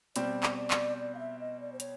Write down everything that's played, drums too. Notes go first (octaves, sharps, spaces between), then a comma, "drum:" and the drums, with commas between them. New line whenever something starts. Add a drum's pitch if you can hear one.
B2 G3 C4 D5, drum: hi-hat
drum: clap
D5
drum: clap
D5
F5
E5
D#5
D5
C5
C#5, drum: hi-hat